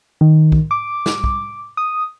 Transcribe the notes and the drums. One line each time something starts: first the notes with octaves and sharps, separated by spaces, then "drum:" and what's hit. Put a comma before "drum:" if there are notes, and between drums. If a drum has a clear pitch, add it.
D#3
drum: kick
D6
drum: snare
drum: kick
D#6